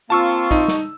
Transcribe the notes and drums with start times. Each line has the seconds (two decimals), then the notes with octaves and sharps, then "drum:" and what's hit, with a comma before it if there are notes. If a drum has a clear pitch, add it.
0.10 A#3 C4 F4 A5 C#6 E6
0.51 D#4, drum: kick
0.68 drum: snare